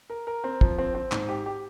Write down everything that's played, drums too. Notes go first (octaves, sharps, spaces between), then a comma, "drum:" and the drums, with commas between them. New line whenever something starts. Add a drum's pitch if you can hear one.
A#4
A#4
C4
F3, drum: kick
C4
C4
G#2, drum: clap
G4
G4